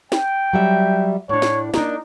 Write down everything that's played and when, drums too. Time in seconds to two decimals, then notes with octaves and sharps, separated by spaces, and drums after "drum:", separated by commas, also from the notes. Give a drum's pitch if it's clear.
0.12 G5, drum: snare
0.53 F#3 G3 E5
1.29 A2 D4 C#5
1.42 drum: snare
1.74 A#3 D4 D#4, drum: snare